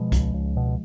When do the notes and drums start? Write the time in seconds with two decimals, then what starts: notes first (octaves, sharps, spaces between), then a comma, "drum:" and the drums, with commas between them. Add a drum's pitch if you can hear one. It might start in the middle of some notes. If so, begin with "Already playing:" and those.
Already playing: B2 F3 G#3
0.12 C#2, drum: kick B1, hi-hat
0.34 C#2
0.57 B2